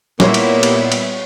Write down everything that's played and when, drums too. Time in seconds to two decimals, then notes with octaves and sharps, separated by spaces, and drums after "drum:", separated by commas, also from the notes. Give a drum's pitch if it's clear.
0.20 A#2 G3 A#3 B3 E4 C#5 C6, drum: snare
0.34 drum: cymbal
0.63 drum: cymbal
0.92 drum: cymbal